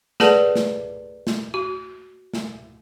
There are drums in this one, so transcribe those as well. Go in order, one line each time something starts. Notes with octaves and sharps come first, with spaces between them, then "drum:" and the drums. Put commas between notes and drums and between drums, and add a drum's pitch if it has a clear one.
G#4 A4 B4 D5 F#5 A5, drum: snare
drum: snare
drum: snare
F#4
drum: snare